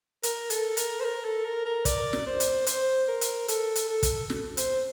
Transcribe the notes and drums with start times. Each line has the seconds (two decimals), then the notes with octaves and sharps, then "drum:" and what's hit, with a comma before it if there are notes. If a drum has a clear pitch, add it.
0.23 A#4, drum: hi-hat
0.50 A4, drum: hi-hat
0.77 A#4, drum: hi-hat
1.00 C5
1.04 A#4
1.25 A4
1.45 A#4
1.65 A#4
1.85 D5, drum: kick, hi-hat
2.13 drum: snare
2.26 C5
2.40 drum: hi-hat
2.66 C5, drum: hi-hat
3.08 A#4
3.21 drum: hi-hat
3.48 A4, drum: hi-hat
3.75 drum: hi-hat
3.89 A4
4.03 drum: kick, hi-hat
4.30 drum: snare
4.57 C5, drum: hi-hat